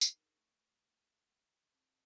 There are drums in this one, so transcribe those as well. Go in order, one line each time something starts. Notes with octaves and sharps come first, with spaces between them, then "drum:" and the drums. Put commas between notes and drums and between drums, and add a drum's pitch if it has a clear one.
D4 D#4 G#4 A#4, drum: tambourine
A3 C#6 A#6
C4 A5 D#6